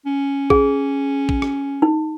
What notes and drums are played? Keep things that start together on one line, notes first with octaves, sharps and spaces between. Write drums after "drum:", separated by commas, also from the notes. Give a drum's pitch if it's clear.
C#4
G#4, drum: kick
drum: kick
drum: rim click
D#4